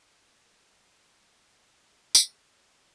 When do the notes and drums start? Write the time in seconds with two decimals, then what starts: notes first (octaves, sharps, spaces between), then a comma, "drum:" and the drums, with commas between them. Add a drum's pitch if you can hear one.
0.23 A#4
0.90 G#3
1.83 G#4
2.15 G#4, drum: tambourine
2.50 C#5